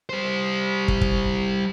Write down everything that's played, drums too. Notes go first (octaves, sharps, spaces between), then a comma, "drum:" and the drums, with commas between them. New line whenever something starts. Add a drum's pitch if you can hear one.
G3 C5
drum: kick
drum: kick